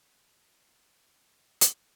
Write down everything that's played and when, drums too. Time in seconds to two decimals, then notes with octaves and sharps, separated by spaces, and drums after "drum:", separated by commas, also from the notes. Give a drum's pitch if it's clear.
0.04 A#4 B4
1.61 drum: hi-hat